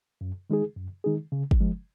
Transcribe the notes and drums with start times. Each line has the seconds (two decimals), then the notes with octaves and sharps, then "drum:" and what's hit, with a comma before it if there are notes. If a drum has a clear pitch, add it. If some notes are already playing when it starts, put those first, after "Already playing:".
0.21 F#2
0.50 D#3 G#3 D#4 G#4
0.76 F#2
1.04 D#3 G#3 D#4 G#4
1.32 C#3
1.51 drum: kick
1.61 F3 G#3